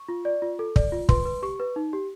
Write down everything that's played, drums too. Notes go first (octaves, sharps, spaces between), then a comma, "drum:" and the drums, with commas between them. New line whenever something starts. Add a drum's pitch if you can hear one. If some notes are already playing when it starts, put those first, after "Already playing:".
Already playing: C#6
F4
D5
F4
A4
D5, drum: kick
F4
B4 C6, drum: kick
B4
G4 C#6
B4
D#4
G4